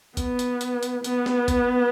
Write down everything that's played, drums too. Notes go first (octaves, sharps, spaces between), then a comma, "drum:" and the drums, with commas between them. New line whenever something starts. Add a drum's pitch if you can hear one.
B3, drum: kick G1, hi-hat
drum: hi-hat
drum: hi-hat
drum: hi-hat
B3, drum: hi-hat
drum: snare
drum: kick G1, hi-hat